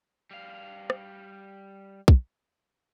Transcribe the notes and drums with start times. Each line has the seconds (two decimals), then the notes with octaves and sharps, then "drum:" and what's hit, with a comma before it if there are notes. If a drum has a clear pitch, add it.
0.31 G3 F5
0.90 drum: rim click
2.08 drum: kick